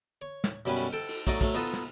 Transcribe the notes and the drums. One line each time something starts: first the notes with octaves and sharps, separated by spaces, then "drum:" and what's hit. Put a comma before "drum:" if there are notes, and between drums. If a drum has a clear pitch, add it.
C#5
drum: snare
F#2 B2 G3 C#4 B4
drum: cymbal
A4 G5
drum: cymbal
F#3 A3 D#4 D5 D#5, drum: kick
F#3 A3, drum: kick, cymbal
B3 D#4 F4 A4 B4
drum: snare